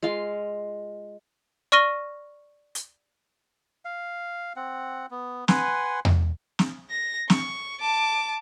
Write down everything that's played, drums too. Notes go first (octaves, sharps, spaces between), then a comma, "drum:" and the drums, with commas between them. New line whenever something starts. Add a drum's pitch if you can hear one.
G#3 F4 F5
D5 C#6 F6 A#6 D#7 G7
drum: hi-hat
F5
C4 F#5
B3
B4 F#5 G#5 C6, drum: snare
drum: tom E2
drum: snare
A#6
C#6, drum: snare
A5 D6